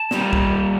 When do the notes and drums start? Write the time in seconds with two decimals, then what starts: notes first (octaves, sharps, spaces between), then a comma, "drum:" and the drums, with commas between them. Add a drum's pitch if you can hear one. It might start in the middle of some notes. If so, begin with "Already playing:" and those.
Already playing: A5
0.11 A#2 G3, drum: snare
0.33 drum: kick